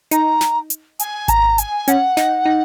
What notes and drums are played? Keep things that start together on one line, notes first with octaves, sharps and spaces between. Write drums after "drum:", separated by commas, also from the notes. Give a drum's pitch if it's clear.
D#4 A#5, drum: hi-hat
drum: snare
drum: hi-hat
G#5, drum: hi-hat
A#5, drum: kick G#1, hi-hat
G#5, drum: hi-hat
C#4 F#5, drum: hi-hat
D#4, drum: snare
D#4